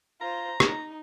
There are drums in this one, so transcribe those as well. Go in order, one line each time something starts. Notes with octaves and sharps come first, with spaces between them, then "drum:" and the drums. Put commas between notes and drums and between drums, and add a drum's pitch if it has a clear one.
F4 C5 A#5
D#4, drum: rim click